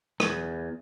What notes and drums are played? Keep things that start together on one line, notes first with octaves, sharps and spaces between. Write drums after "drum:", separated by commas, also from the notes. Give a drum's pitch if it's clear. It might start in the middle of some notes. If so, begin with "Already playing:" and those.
E2, drum: rim click